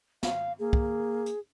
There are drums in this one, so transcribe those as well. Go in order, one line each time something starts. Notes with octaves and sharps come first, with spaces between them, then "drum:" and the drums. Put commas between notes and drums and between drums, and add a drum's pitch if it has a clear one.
F5, drum: snare
A#3 G#4
drum: kick
drum: hi-hat